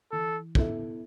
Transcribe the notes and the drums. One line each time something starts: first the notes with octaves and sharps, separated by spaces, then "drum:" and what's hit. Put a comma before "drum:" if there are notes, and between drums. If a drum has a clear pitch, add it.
E3 A4
B3 E4 A4 E5, drum: kick